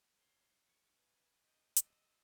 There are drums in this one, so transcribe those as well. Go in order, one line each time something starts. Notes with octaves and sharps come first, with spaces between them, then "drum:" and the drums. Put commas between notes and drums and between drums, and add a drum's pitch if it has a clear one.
C#5 C6
C#6
B4 G#5
D#5 G5
D#5 E6, drum: hi-hat